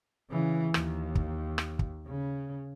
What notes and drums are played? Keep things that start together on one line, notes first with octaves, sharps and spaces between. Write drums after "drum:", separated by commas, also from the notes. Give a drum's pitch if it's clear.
C#3 E3
D#2, drum: rim click
drum: kick
drum: rim click
drum: kick
C#3